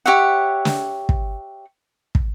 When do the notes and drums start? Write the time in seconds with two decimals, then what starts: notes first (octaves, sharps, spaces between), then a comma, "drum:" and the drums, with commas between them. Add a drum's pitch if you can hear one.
0.06 G4 C#5 E5 F#5
0.65 drum: snare
1.09 drum: kick
2.15 drum: kick